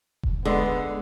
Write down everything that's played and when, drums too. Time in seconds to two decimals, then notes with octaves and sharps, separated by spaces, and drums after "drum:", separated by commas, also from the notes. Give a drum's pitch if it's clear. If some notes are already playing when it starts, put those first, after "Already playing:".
0.23 drum: kick E1
0.45 D3 G#3 B3